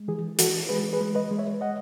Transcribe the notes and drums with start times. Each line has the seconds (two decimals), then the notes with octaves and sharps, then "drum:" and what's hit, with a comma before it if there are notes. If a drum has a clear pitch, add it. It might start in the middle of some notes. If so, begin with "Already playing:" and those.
Already playing: G#3
0.08 E3 G#4
0.39 E3 F#4 A4, drum: hi-hat
0.69 G#3 G#4 B4
0.93 G#4 B4
1.01 G#3
1.15 B4 D#5
1.31 G#3
1.38 C#5 E5
1.61 D#5 F#5